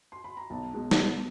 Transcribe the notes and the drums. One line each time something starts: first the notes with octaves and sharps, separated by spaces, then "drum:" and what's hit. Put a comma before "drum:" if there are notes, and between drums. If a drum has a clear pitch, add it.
C6
B5
A#5
B1 A5
B2 G#3
drum: snare